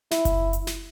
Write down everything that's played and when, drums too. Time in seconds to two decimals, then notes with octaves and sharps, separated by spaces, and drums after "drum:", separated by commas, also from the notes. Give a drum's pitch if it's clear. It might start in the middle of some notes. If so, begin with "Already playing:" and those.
0.11 E4, drum: snare
0.25 drum: kick F#1, hi-hat
0.53 drum: hi-hat
0.67 drum: snare